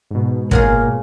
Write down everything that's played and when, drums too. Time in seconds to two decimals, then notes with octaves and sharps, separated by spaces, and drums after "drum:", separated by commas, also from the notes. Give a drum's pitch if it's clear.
0.11 G#2 B2
0.51 A#2 F#3 F4 G#4 A#4, drum: kick